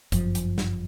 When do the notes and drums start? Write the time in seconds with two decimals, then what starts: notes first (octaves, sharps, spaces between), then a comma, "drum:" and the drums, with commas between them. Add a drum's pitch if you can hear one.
0.12 G1 F#2 F3, drum: kick, hi-hat
0.35 drum: hi-hat
0.58 drum: snare